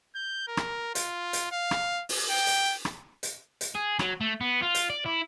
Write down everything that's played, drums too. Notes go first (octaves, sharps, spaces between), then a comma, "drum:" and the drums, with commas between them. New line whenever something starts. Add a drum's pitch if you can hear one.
G6
A#4
drum: rim click
F4, drum: hi-hat
drum: hi-hat
F5
drum: rim click
drum: open hi-hat
G5
drum: hi-hat
drum: rim click
drum: hi-hat
drum: hi-hat
G#4
F#3, drum: rim click
A3
B3
F4
drum: hi-hat
D5
E4